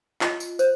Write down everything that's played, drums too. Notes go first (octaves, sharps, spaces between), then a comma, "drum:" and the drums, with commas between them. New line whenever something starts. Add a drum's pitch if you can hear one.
F4 D#5, drum: clap
drum: tambourine
C5, drum: tambourine